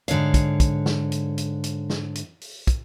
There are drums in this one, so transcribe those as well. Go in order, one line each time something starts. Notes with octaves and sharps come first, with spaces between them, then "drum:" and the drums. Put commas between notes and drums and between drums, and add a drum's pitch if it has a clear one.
G#2 D3 C#5 F5, drum: hi-hat
drum: kick, hi-hat
drum: kick, hi-hat
drum: snare
drum: hi-hat
drum: hi-hat
drum: hi-hat
drum: snare
drum: hi-hat
drum: open hi-hat
drum: kick, hi-hat